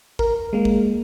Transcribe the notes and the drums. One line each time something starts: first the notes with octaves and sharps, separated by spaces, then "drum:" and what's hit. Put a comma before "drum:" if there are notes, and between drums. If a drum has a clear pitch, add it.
A#4, drum: kick
G#3 A#3
drum: kick